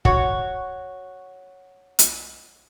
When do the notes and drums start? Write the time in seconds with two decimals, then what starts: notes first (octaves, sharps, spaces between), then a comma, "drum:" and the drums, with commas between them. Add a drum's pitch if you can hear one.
0.05 F#4 C#5, drum: kick
1.99 drum: hi-hat